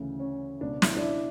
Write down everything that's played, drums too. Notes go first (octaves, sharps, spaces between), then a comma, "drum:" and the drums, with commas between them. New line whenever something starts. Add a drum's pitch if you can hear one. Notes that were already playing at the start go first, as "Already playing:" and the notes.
Already playing: D2 C#3 E3
C#4
C#2 B2 D4
E4, drum: snare
D4
E4